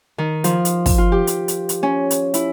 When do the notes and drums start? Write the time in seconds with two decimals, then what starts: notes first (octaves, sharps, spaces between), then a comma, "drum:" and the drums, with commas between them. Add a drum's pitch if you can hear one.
0.18 D#3
0.44 F3, drum: hi-hat
0.65 drum: hi-hat
0.86 drum: kick, open hi-hat
0.98 F4
1.12 G4
1.27 drum: hi-hat
1.48 drum: hi-hat
1.69 drum: hi-hat
1.83 C#4
2.11 drum: hi-hat
2.34 E4, drum: hi-hat